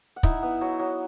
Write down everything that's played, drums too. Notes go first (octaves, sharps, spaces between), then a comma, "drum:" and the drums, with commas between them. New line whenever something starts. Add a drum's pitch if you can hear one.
F#5
D#4 E4 E5, drum: kick
B3
F#3
F#3